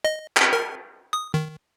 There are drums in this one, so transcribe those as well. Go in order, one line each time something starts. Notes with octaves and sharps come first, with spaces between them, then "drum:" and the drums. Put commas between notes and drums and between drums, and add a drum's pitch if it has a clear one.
D#5
drum: clap
A#4
D#6
D#3